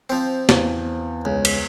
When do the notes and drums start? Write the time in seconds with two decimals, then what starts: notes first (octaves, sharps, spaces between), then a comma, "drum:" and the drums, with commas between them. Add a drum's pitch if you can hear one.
0.10 F3 C4
0.49 E2 C5 F5, drum: snare
1.25 C#2
1.45 drum: cymbal